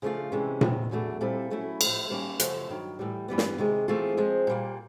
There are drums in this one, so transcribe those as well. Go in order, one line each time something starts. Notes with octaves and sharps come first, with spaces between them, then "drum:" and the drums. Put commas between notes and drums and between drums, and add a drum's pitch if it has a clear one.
C#3 F3 A3 D4 F4
C3 E3 G#3 C#4
E2 C3 D#3, drum: tom A#2
E2 B2 F#3 A3 D4
A#2 G3 C4 E4 A4
F#3 A3 C#4 E4
A2 F3 A3, drum: cymbal
D#3 G3 A#3 C#4
F#2 C#3 F3 A3, drum: hi-hat
G2 D#3 F#3
A2 E3 G3
G2 E3 G3 B3
drum: snare
C3 D#3 G#3
E3 A3 C4 F4 G#4
F3 G#3 C4
A#2 G3 A#3